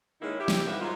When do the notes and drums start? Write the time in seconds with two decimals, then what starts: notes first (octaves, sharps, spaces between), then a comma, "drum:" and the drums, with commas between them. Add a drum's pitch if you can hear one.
0.20 D#3 G#3 A#3 C#4 D#4 E4
0.38 E4 G4
0.48 drum: snare
0.65 E2 G#2 D#3 F3 B4 E5
0.80 G#2 F#3 D#4 F4